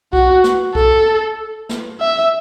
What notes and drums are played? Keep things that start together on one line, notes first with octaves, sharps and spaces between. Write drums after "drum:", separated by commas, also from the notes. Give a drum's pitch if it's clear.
F#4, drum: kick B1
drum: snare
A4, drum: kick B1
drum: snare
E5